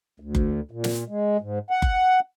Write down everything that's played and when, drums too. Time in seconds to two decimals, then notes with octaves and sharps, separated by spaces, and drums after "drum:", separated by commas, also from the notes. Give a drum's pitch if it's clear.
0.20 D2
0.35 drum: kick F#1
0.71 A#2
0.84 drum: snare
1.08 G#3
1.41 G#2
1.71 F#5
1.82 drum: kick F#1